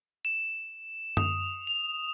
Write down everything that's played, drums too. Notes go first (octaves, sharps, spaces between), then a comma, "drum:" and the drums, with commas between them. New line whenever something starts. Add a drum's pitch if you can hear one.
E7
D#6, drum: tom F#2
F7